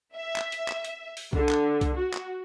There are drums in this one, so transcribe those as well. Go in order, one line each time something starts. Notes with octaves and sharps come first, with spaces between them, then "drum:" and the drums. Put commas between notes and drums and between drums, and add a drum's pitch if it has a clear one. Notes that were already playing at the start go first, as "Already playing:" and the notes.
E5
drum: clap
drum: hi-hat
drum: clap
drum: hi-hat
drum: open hi-hat
D3, drum: kick C2
drum: clap
drum: kick C2, hi-hat
F#4
drum: clap